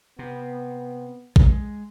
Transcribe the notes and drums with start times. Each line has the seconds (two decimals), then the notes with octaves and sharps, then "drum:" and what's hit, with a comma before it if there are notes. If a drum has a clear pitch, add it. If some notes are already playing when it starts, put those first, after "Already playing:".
0.19 C3 B3
1.36 G#3, drum: kick A1